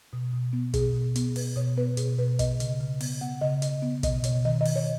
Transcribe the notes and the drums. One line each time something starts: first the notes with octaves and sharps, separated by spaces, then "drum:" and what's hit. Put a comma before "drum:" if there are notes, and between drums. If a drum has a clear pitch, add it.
B2
B2
B3
B2 G#4, drum: kick, hi-hat
B2
B3, drum: hi-hat
B2 B4, drum: open hi-hat
B2 C#5
B3 B4
B2 G#4, drum: hi-hat
B2 B4
B3 D#5, drum: kick, hi-hat
C#3, drum: hi-hat
C#3
B3, drum: open hi-hat
B3 F#5
C#3 D#5
C#3 D#5, drum: hi-hat
B3
B2 D#5, drum: kick, hi-hat
B2 C#5, drum: hi-hat
D#3 D#5
D#5
D#3, drum: open hi-hat
C#5